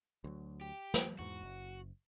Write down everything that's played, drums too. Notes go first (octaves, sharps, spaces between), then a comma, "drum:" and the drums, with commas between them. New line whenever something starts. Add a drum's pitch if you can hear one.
D2 F#3
G4
F3 G3, drum: snare
E2 G#2 F#4
F#1